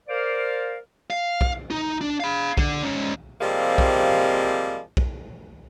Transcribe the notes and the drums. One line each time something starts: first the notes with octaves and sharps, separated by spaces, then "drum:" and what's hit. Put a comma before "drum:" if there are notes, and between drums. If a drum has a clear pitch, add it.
A#4 C5 D5 F5
F5
drum: kick B1
D#4
D4
F5 B5
D3, drum: kick B1
G#2 C#4
C3 F3 G3 G#3 A#3 C4
drum: kick B1
drum: kick B1